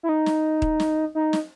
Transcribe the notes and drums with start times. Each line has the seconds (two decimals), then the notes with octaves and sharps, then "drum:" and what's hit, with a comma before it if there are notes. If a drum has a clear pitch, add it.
0.03 E4
0.09 D#4
0.26 drum: snare
0.62 drum: kick D#1
0.80 drum: snare
1.15 D#4
1.33 drum: snare